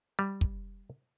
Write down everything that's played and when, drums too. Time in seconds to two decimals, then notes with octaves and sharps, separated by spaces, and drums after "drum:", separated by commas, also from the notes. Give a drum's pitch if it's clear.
0.19 G3
0.41 drum: kick